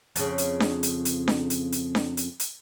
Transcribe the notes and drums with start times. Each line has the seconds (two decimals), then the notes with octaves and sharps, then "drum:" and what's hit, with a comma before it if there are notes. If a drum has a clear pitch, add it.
0.16 F2 C#3, drum: hi-hat
0.38 drum: hi-hat
0.60 drum: snare D4
0.83 drum: hi-hat
1.05 drum: hi-hat
1.28 drum: snare D4
1.50 drum: hi-hat
1.72 drum: hi-hat
1.95 drum: snare D4
2.17 drum: hi-hat
2.40 drum: hi-hat